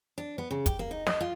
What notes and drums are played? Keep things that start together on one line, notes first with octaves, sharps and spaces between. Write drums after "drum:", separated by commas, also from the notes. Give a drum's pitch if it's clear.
D4
B3
C#3
G4, drum: kick, hi-hat
A#3
D#4
D#5, drum: snare
F4